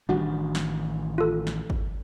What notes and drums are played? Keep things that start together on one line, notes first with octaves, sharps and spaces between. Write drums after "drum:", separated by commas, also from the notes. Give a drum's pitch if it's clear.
A1 D#3 G3 D4 F#4
drum: snare
F4 A4
drum: snare
drum: kick